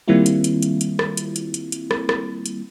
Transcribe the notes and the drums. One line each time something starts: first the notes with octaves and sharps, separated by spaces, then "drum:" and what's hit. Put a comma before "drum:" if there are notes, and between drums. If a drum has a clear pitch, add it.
D#3 G3 A#3 C4 E4 F4
drum: hi-hat
drum: hi-hat
drum: hi-hat
drum: hi-hat
drum: rim click
drum: hi-hat
drum: hi-hat
drum: hi-hat
drum: hi-hat
drum: rim click
drum: rim click
drum: hi-hat